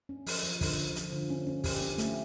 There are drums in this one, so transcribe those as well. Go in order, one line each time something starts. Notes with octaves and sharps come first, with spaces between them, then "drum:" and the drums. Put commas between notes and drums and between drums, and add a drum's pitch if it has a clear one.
C#4
F3, drum: open hi-hat
F3
D3, drum: kick, open hi-hat
D3
F3, drum: hi-hat
D3
C#4
C#4
G4, drum: kick, open hi-hat
C#4
A3, drum: hi-hat